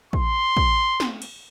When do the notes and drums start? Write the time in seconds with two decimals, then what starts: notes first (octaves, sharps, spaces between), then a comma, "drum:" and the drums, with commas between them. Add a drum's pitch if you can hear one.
0.13 C6, drum: kick
0.57 drum: kick
1.00 drum: snare
1.22 drum: cymbal